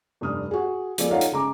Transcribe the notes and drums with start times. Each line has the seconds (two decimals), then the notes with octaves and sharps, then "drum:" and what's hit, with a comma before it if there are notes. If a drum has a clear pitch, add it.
0.21 F1 G2 D#6 F6
0.51 F#4 G#4
0.98 F3 G#3 A#3 A4 D5, drum: hi-hat
1.11 D#4 F4 A4 C#5 F5 F#5
1.21 drum: hi-hat
1.31 C#3 G#3 A#5 D6